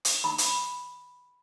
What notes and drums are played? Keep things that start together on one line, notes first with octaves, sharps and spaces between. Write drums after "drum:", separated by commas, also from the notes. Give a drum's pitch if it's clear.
drum: hi-hat
B5
drum: hi-hat